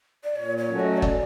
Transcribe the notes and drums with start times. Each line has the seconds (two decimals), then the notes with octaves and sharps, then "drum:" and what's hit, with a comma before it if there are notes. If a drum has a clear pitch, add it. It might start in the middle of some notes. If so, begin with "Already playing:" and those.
0.24 D5
0.36 A#2 C#5
0.58 C#5
0.69 F#3 A3 C#4 F#4
0.80 D#5
0.97 C#5
1.02 D5, drum: kick